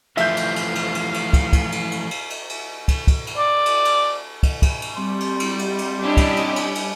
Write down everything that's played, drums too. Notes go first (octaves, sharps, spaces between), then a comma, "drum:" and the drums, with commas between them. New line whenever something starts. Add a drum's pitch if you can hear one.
E3 F3 A3 E5 F5 G6, drum: cymbal
drum: cymbal
drum: cymbal
drum: cymbal
drum: cymbal
drum: cymbal
drum: kick, cymbal
drum: kick, cymbal
drum: cymbal
drum: cymbal
drum: cymbal
drum: cymbal
drum: cymbal
drum: kick, cymbal
drum: kick, cymbal
drum: cymbal
D5
drum: cymbal
drum: cymbal
drum: kick, cymbal
drum: kick, cymbal
drum: cymbal
G3 C4 C6
drum: cymbal
drum: cymbal
drum: cymbal
drum: cymbal
C#4 D4 E4 G4 D#5
drum: kick, cymbal
drum: cymbal
drum: cymbal
drum: cymbal